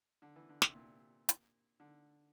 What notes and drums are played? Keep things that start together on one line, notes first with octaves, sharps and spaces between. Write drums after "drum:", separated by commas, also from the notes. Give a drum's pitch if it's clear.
D3
E3
D3
C3, drum: snare
A#2
drum: hi-hat
D3